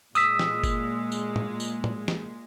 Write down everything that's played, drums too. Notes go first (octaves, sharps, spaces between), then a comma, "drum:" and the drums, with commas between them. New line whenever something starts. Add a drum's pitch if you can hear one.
A#2 G#3 D#6 E6 B6, drum: tambourine
drum: snare
drum: kick F#1, tambourine
drum: tambourine
drum: tom
drum: tambourine
drum: tom
drum: snare